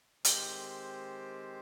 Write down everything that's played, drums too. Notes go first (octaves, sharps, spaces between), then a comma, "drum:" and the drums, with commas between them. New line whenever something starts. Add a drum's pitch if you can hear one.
D#3 G#3 C4 G4 C5, drum: hi-hat